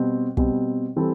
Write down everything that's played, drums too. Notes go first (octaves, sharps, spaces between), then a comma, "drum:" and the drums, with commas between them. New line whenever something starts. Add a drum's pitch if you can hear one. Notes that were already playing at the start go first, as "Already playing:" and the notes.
Already playing: B2 G3 C4
B2 G3 C4, drum: kick
E3 G3 C4 E4 A4